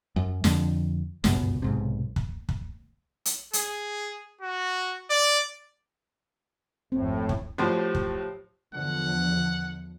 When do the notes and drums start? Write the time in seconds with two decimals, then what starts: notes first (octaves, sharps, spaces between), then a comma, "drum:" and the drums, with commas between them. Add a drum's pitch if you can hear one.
0.16 F#2
0.44 F2 D3, drum: snare
1.24 G1 C#2 F#2 B2, drum: snare
1.62 B1 G#2 C3
2.16 drum: kick
2.49 drum: kick
3.25 drum: hi-hat
3.53 G#4, drum: hi-hat
4.41 F#4
5.10 D5
6.92 G#1 F2 A2 C4
7.29 drum: kick
7.58 A2 F3 F#3 G4 C5
7.95 drum: kick
8.73 E2 D3 F3 F#5